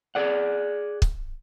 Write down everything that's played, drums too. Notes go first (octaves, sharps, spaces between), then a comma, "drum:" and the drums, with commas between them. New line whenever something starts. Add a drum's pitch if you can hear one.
G#4 D5 F#5
drum: kick